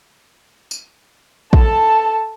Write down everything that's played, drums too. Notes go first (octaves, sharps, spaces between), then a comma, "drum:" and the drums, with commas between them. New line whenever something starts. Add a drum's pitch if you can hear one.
drum: tambourine
A4 A5, drum: kick